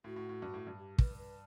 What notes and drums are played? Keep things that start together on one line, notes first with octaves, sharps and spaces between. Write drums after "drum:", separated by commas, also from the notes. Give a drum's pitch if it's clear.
A2 F#4
A2
A2
G2
A2
G2
G4
B4, drum: kick
B4